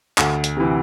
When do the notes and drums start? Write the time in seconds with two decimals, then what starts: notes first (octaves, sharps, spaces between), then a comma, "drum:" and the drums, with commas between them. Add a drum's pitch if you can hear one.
0.18 D2, drum: clap
0.44 drum: hi-hat
0.57 C3 E3